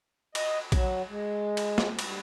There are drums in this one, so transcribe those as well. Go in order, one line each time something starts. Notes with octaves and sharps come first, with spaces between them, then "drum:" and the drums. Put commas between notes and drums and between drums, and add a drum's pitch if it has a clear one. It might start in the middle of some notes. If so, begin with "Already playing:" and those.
D#5, drum: cymbal
F#3, drum: kick A#1, cymbal
G#3
drum: cymbal
drum: snare
G2, drum: cymbal